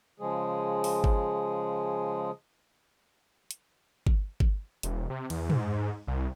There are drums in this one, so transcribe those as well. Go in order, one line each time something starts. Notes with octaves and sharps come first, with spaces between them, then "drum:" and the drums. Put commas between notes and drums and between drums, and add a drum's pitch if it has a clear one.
C#3 F3 G#3 G#4
drum: open hi-hat
drum: kick G1
drum: hi-hat
drum: kick G1
drum: kick G1
E1, drum: hi-hat
C3
E2, drum: cymbal
G#2, drum: tom
C2